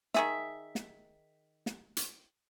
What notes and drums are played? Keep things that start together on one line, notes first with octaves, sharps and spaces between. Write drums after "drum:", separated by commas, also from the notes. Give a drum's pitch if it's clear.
D#3 G#4 E5, drum: snare
drum: snare
drum: snare
drum: hi-hat